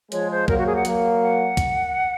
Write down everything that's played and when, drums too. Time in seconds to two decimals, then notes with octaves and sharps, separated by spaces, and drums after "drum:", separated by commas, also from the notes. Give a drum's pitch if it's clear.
0.12 F3 G#3 C#5, drum: hi-hat
0.31 C5
0.48 F#3 A#3 A#4, drum: kick
0.58 F#4
0.66 G#4
0.76 F#5
0.85 F#3 A#3, drum: hi-hat
1.21 F#5
1.57 drum: kick, hi-hat